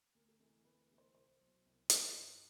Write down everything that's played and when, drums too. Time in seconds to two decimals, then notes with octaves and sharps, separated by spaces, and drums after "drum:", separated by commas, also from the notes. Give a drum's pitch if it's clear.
0.15 D2 A#4
0.28 A4
0.39 C3 E3 G#3 A#4
0.65 D2 B4
0.82 B4
0.91 C3 E3 G#3
0.98 C5
1.15 C2 C5
1.40 B2 F#3
1.66 C2
1.90 B2 F#3 C5, drum: hi-hat
2.03 B4
2.15 G2 A#4